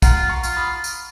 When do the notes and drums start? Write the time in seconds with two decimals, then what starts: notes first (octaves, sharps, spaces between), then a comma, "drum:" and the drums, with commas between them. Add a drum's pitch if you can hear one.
0.02 F4 F#5 A#5, drum: kick, tambourine
0.29 A#5 C#6
0.43 F4, drum: tambourine
0.57 B5 D#6
0.84 drum: tambourine